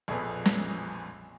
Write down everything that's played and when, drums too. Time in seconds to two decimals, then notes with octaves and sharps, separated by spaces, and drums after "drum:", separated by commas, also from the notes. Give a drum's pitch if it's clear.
0.08 A#1 F2 B2 G#4 A4 B4
0.45 drum: snare